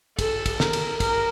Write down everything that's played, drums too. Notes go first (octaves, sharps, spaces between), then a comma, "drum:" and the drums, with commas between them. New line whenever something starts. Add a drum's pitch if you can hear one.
A4, drum: kick, cymbal
drum: kick, cymbal
A#4, drum: snare
drum: cymbal
A#4, drum: kick, cymbal